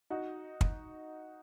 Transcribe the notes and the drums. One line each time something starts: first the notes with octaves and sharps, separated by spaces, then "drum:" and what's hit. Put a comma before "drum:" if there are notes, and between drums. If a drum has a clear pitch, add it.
D#4 F#4
drum: kick